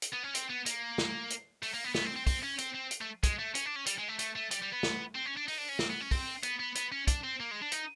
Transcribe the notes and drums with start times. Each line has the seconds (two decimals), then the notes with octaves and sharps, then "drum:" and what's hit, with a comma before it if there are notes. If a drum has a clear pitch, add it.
0.02 drum: hi-hat
0.13 B3
0.24 C#4
0.35 C4, drum: hi-hat
0.50 B3
0.66 A#3, drum: hi-hat
0.98 drum: snare
1.30 drum: hi-hat
1.63 A3, drum: open hi-hat
1.74 A#3
1.84 B3
1.95 B3, drum: snare
2.05 C4
2.16 C4
2.27 C4, drum: kick, open hi-hat
2.43 C#4
2.58 C4, drum: hi-hat
2.74 C4
2.91 drum: hi-hat
3.01 A3
3.23 G#3, drum: kick, hi-hat
3.39 A3
3.55 C#4, drum: hi-hat
3.66 D4
3.76 C#4
3.86 G3, drum: hi-hat
3.98 G#3
4.08 A3
4.19 A3, drum: hi-hat
4.36 A3
4.51 G3, drum: hi-hat
4.62 G3
4.73 B3
4.83 drum: snare
5.15 C4
5.26 C#4
5.37 D4
5.48 D#4, drum: open hi-hat
5.58 D4
5.69 C#4
5.79 C4, drum: snare
5.90 B3
6.01 C#4
6.11 C4, drum: kick, open hi-hat
6.43 B3, drum: hi-hat
6.60 B3
6.75 B3, drum: hi-hat
6.92 C#4
7.07 D4, drum: kick, hi-hat
7.24 C4
7.40 A#3
7.51 G#3
7.62 D4
7.72 D#4, drum: hi-hat